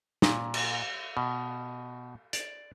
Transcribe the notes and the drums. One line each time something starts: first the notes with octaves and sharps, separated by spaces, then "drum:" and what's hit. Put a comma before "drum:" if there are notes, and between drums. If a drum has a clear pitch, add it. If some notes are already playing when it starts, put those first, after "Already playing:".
A#2, drum: snare
drum: cymbal
B2
D5, drum: hi-hat